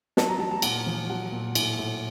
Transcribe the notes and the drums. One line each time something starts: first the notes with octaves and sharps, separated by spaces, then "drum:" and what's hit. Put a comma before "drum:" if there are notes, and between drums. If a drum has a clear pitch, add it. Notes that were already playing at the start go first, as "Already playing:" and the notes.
F#3 A5, drum: snare
A#5
F#3 A5
A5
A#2 F#5, drum: cymbal
F3
F#3 F#5
A#2
A2, drum: cymbal
A2